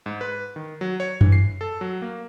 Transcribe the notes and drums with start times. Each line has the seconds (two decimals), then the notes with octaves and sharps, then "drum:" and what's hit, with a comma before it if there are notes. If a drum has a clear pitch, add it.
0.06 G#2
0.21 B4
0.56 D#3
0.81 F#3
1.00 C#5
1.21 E3, drum: tom F#2
1.32 C7
1.61 A4
1.81 F#3
2.02 A#3